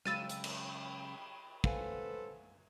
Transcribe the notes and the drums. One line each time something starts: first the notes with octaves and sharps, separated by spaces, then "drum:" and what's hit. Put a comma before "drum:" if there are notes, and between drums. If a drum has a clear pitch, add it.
C#3 F#3 G#3 G5 B5 E6 A6 D#7, drum: rim click
drum: hi-hat
drum: cymbal
A4 B4 C5 F5 F#5 G#5, drum: kick